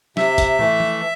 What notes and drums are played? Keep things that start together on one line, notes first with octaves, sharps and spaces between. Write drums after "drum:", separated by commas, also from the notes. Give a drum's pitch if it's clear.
C3 E5, drum: snare
drum: kick, hi-hat
E3 A3, drum: tom
drum: tom F3